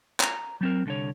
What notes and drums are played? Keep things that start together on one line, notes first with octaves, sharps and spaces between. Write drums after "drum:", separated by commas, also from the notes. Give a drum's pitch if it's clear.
A#5, drum: clap
F#3 C4 A#4
C2 D3 C#5